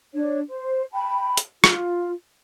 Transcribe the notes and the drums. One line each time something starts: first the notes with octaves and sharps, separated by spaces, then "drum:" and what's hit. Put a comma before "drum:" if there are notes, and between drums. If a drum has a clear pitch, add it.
D4 C#5
C5
G5 A5 B5
drum: hi-hat
F4, drum: rim click